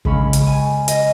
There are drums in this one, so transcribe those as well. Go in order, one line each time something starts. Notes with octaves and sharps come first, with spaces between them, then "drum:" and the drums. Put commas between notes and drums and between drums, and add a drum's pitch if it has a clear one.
C#3 G#3 C#4 B5, drum: kick
drum: hi-hat
G#5
D#5, drum: hi-hat